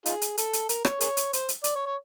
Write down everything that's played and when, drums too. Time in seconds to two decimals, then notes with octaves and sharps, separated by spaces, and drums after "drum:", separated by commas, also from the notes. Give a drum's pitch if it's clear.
0.06 D#4 F4 G#4, drum: hi-hat
0.22 drum: hi-hat
0.38 A4, drum: hi-hat
0.53 drum: hi-hat
0.69 A#4, drum: hi-hat
0.85 C#5, drum: rim click
1.00 G#4 A#4 C#5, drum: hi-hat
1.17 drum: hi-hat
1.33 C5, drum: hi-hat
1.49 drum: hi-hat
1.64 D5, drum: hi-hat
1.76 C#5
1.86 C#5